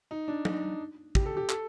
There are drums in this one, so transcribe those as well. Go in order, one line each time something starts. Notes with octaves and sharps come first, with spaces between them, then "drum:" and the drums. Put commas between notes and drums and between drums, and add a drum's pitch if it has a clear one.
D#4
D4
D#4, drum: tom F#3
G4, drum: kick
A4
G4
A4, drum: clap